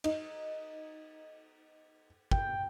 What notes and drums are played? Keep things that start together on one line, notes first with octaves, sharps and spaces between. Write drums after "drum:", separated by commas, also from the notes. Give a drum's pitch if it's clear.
D#4, drum: cymbal
G5, drum: kick